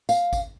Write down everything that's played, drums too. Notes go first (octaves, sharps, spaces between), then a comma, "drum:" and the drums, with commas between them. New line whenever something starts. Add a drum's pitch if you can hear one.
F5, drum: tambourine
drum: kick G#1, tambourine